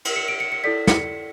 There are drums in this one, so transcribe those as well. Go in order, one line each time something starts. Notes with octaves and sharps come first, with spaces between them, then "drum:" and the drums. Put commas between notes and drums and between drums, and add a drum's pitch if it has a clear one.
drum: cymbal
C#7
D7
C#7
C#7
E4 A4 D5 B6
C#7, drum: snare